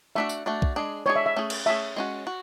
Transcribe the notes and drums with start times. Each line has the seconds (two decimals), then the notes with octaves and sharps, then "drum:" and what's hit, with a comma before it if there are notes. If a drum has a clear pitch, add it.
0.15 A3 D4 F#4 E5
0.29 drum: tambourine
0.46 A3 D4 F#4
0.62 drum: kick
0.76 G#3 D4 G#4
1.06 G#3 D4 G#4 C#5
1.16 E5
1.26 E5
1.36 A3 C#4 G#4
1.50 drum: cymbal
1.66 A3 C#4 G#4 E5
1.96 G#3 C#4 F#4
2.27 F#4